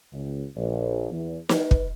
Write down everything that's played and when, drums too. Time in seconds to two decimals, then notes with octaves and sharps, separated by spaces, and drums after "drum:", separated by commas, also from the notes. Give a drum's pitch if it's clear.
0.12 C#2
0.56 A#1
1.11 E2
1.49 B4, drum: snare
1.71 drum: kick